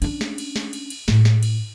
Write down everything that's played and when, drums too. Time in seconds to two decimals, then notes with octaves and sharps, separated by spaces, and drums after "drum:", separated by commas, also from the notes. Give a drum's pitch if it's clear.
0.02 C#4 D4, drum: cymbal
0.21 drum: snare
0.38 drum: cymbal
0.56 drum: snare
0.73 drum: cymbal
0.90 drum: cymbal
1.08 A2, drum: snare
1.25 drum: snare
1.43 drum: cymbal